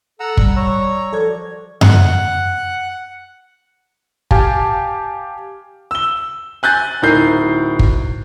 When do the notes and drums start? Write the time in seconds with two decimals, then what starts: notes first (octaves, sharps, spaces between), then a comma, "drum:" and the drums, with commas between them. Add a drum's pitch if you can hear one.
0.20 A4 F#5 A#5 E6
0.37 G3, drum: kick
0.56 C#5 A#5 E6
1.13 D#3 F3 F#4 A4 D5 G#6
1.81 F#5, drum: tom F#2
4.31 G4 F5 G#5 A5, drum: kick
5.91 E6 G7
6.63 G#5 F#6 G6 A6
7.02 D1 D#4 E4 A#4 G6 C7
7.79 drum: kick